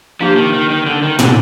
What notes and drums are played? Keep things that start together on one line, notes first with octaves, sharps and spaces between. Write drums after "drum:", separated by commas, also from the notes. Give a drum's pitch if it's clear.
F3 A#3 D4 G4
D#3
D#3
D#3
D3
D#3
D3, drum: tom A2